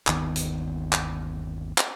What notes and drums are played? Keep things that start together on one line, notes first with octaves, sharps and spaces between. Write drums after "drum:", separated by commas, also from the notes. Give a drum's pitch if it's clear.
G1 D#2 D#3 B3, drum: clap
drum: hi-hat
drum: clap
drum: clap